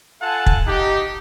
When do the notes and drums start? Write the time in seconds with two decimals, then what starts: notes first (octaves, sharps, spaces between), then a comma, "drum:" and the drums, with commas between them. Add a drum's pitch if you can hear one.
0.22 F4 A4 F5 F#5 G#5 A5
0.46 drum: kick
0.67 D#4 G4